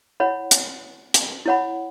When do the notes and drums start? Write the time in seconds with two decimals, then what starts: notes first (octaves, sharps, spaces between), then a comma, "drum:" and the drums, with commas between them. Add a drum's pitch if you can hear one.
0.20 E4 C#5 F#5 B5
0.51 drum: hi-hat
1.14 drum: hi-hat
1.46 E4 C#5 F#5 B5